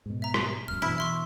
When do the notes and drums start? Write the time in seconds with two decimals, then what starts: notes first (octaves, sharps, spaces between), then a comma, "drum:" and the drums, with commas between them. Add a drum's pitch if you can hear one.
0.06 G#2 B2
0.22 E5 A#5
0.34 drum: rim click
0.68 D1 G#1 F#2 F6
0.82 B2 E3 E4
0.98 E5 C6 C#6